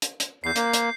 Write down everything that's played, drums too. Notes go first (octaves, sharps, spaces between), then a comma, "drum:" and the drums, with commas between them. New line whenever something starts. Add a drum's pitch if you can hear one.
drum: hi-hat
drum: hi-hat
E2 G6 C7
A#3, drum: hi-hat
drum: hi-hat